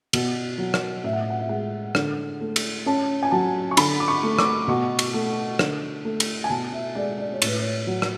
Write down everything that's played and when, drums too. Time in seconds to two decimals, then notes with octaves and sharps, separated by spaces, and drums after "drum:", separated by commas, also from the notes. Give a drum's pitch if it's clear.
0.13 B2, drum: cymbal
0.58 F#3
0.74 drum: rim click
1.04 A2 E5
1.13 F#5
1.22 E5
1.30 F#5
1.39 E5
1.49 G#3 F#5
1.95 D3, drum: rim click
2.41 A3
2.56 drum: cymbal
2.86 C#4 A5
3.23 G#5
3.31 F#3 A5
3.71 C#6
3.77 D3 B5, drum: cymbal
4.00 D6
4.08 C#6
4.23 A3
4.39 D6, drum: rim click
4.68 B2 C#6
4.99 drum: cymbal
5.14 A3
5.59 D3, drum: rim click
6.05 A3
6.20 drum: cymbal
6.44 G#5
6.50 B2 A5
6.73 E5
6.95 G#3 D5
7.18 D5
7.33 C#5
7.42 A2 B4, drum: cymbal
7.60 C#5
7.87 F#3
8.02 drum: rim click